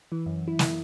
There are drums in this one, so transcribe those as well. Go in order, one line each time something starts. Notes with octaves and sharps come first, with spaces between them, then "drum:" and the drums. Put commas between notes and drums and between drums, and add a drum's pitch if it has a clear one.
E3
F#2
E4
drum: snare